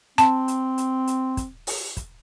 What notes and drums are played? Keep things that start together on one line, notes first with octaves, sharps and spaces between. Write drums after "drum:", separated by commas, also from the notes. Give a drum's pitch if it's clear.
C4 A5, drum: hi-hat
drum: hi-hat
drum: hi-hat
drum: hi-hat
drum: kick, hi-hat
drum: open hi-hat
drum: kick, hi-hat